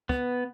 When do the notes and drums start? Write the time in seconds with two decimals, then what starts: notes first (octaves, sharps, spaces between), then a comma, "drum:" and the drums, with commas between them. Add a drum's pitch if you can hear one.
0.09 B3, drum: kick